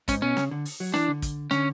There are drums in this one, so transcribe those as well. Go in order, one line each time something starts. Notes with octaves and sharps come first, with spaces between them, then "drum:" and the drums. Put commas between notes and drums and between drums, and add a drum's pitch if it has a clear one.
G#2 C#4, drum: kick, hi-hat
B2 C#4
C#3, drum: snare
D3
drum: open hi-hat
F#3
E3 D4, drum: snare
D3
drum: kick, hi-hat
D3 C#4, drum: snare